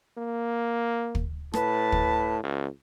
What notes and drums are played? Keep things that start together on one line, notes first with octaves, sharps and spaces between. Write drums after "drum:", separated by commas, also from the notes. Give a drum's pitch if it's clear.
A#3
drum: kick
A2 B4 A5, drum: rim click
drum: kick
C#2